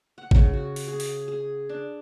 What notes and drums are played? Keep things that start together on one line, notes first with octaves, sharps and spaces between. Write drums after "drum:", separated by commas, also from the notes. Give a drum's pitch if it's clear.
F#5
C#3, drum: kick
F#4
drum: open hi-hat
G#4
drum: open hi-hat
G#4
D4